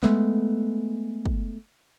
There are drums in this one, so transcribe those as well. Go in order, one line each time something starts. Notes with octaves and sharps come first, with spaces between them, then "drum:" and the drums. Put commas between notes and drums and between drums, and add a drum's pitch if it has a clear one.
G#3 A3 B3, drum: clap
drum: kick